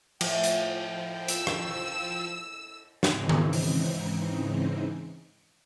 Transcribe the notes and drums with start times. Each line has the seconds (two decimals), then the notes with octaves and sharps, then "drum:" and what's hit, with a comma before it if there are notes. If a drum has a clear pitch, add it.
0.21 A2 F3 G5, drum: cymbal
0.44 drum: hi-hat
1.28 E6, drum: hi-hat
1.47 drum: rim click
3.03 G#2 C#3 E3 C4 D#4, drum: snare
3.29 drum: tom D#3
3.53 drum: open hi-hat